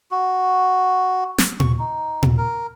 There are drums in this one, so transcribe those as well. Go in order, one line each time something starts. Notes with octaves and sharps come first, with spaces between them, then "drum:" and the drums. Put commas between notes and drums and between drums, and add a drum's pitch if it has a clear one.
F#4
drum: snare
C#6, drum: tom A#2
D#4
drum: tom A#2
A#4